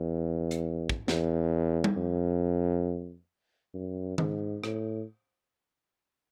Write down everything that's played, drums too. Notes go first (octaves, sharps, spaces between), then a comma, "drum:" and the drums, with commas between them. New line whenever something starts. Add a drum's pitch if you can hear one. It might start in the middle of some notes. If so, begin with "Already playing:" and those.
Already playing: E2
drum: hi-hat
drum: kick
E2, drum: snare
drum: tom G3
F2
F#2
G#2, drum: tom D#3
A2, drum: rim click